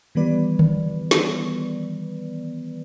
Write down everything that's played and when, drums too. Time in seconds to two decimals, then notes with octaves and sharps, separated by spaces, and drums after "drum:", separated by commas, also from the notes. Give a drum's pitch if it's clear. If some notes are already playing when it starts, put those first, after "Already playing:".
0.15 D#3 E3 G3 B3 B4 D5
0.59 drum: tom D3
1.11 drum: snare